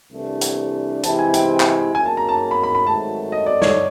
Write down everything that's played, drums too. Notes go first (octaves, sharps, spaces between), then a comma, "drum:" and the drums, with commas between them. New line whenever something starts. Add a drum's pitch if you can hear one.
C2 C3 E3 A3 D4
drum: hi-hat
C3 E3 G#3 C4 E4 A5, drum: hi-hat
G#5
G5, drum: hi-hat
drum: clap
C#3 F#3 A#3 G#5
A5
A#5
A5
B5
B5
B5
G#1 G#2 D#3 F#3 A3 A5
D#5
D5
C#5, drum: snare